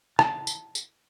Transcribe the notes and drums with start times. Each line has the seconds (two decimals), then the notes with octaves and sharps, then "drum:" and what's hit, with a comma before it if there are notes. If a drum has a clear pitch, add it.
0.19 A5, drum: rim click
0.47 drum: tambourine
0.75 drum: tambourine